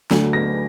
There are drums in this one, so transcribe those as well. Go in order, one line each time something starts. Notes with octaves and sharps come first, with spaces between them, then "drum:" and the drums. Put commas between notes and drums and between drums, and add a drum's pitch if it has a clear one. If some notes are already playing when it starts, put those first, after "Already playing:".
D2 D3 F#3, drum: snare
A#6